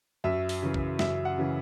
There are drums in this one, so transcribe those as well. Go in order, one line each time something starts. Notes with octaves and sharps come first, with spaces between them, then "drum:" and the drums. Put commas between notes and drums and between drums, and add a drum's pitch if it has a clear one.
F#2 E5
drum: open hi-hat
C#3 E3
drum: kick
F#2 E5, drum: snare
F#5
C#3 E3